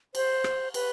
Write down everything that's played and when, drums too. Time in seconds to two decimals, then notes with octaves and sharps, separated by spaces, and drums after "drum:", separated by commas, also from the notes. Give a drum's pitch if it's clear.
0.15 C5, drum: cymbal
0.44 drum: rim click
0.74 B4, drum: cymbal